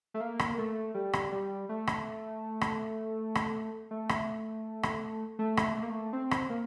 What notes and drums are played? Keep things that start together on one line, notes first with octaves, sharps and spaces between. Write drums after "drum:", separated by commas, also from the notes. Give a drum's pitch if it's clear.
A3
A#3
drum: rim click
A3
G3
drum: rim click
G3
A3
drum: rim click
drum: rim click
drum: rim click
A3
drum: rim click
drum: rim click
A3
drum: rim click
A3
A#3
A3
C4
drum: rim click
A#3